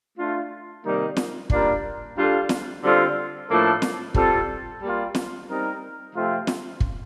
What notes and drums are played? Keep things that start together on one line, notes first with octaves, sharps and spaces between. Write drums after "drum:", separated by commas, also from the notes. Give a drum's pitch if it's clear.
A3 D4 F4
C3 D#3 G3 A#3 D#4
drum: snare
G3 A#3 D4 F4 A#4, drum: kick
G3 D4 F4 A4
drum: snare
D3 G3 C4 F4 A4
A2 F3 A#3 D4 A4
drum: snare
G3 C4 F4 A4, drum: kick
G3 A#3 F4
drum: snare
G3 C4 D#4 A#4
C3 F3 A3 C4 F4
drum: snare
drum: kick